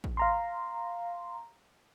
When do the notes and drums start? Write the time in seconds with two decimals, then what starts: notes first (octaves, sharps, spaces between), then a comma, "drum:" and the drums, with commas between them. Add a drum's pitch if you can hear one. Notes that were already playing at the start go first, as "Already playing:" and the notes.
0.04 drum: kick A1
0.17 F5 A#5 C6